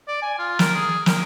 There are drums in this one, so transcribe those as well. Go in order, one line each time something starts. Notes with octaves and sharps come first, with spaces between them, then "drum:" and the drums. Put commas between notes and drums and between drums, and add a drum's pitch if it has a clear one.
D5
G#5
F4
A#4, drum: snare
G#4
A#4, drum: snare